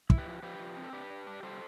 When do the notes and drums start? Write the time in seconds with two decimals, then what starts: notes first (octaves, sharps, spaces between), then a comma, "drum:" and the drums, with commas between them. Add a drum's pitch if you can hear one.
0.10 E4, drum: kick
0.18 G4 B4
0.26 F3
0.43 F3 G4 B4
0.59 F3
0.77 C4
0.83 A4
0.93 D4 G4 B4
1.10 D4
1.27 D4
1.43 G3 A4 C5